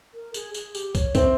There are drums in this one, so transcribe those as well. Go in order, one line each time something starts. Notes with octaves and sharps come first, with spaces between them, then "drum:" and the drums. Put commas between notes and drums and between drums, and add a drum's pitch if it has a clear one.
A#4
G#4, drum: tambourine
G#4, drum: tambourine
G4, drum: tambourine
C#5, drum: kick, tambourine
C4 E5, drum: kick, tambourine